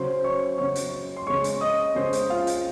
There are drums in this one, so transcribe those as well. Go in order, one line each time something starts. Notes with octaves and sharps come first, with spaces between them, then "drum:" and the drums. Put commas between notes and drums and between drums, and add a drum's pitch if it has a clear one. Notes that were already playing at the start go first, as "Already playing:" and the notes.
Already playing: C#3 F#3 C5 C6
C#5 C#6
C#3 F#3 C#5 C#6
drum: hi-hat
C6
C#3 G#3 C#5 C#6
drum: hi-hat
D#5 D#6
C#3 G#3 C5 C6
drum: hi-hat
F4 F5
drum: hi-hat